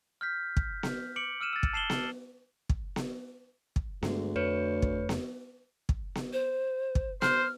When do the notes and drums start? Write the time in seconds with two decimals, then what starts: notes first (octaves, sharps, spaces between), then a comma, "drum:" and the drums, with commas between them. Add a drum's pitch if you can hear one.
0.21 F6 G6 B6
0.57 drum: kick
0.83 drum: snare B3
1.16 D6 C#7 D7 F#7
1.40 E6 F6 D#7 E7
1.53 E6 A6
1.63 drum: kick
1.73 A5 C7 E7 F#7 G7
1.90 drum: snare B3
2.69 drum: kick
2.96 drum: snare B3
3.76 drum: kick
4.03 D2 G2 G#3, drum: snare B3
4.36 F2 A3 B4 C#5 C#7
4.82 drum: kick
5.09 drum: snare B3
5.89 drum: kick
6.15 drum: snare B3
6.33 C5
6.95 drum: kick
7.22 C5 F6, drum: snare B3